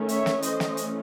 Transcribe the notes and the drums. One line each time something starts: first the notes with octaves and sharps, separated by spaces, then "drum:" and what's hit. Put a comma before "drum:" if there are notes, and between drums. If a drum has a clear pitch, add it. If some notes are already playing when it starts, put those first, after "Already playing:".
Already playing: D#3 A3 C#4
C#5 E5, drum: hi-hat
drum: snare
E3 A3 C#4 C5 D#5, drum: hi-hat
drum: snare
drum: hi-hat